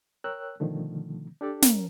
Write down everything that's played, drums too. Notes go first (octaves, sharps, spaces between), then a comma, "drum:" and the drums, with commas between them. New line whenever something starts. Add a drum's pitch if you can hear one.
A#4 C#5 G5 E6 F#6
B2 D3 D#3 F3 A3
D4 G4 A4 D5
C#4 A#4, drum: snare